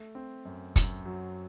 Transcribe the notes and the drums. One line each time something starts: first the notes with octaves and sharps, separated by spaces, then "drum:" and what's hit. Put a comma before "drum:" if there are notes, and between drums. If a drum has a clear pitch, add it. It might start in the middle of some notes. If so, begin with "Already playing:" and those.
Already playing: A3
C4
F#2
F#2, drum: kick, hi-hat
F#3